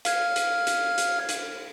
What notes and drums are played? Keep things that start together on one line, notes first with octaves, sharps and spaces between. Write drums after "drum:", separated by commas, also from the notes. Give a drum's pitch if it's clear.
F5 F6 G#6, drum: hi-hat
drum: hi-hat
drum: hi-hat
drum: hi-hat
drum: hi-hat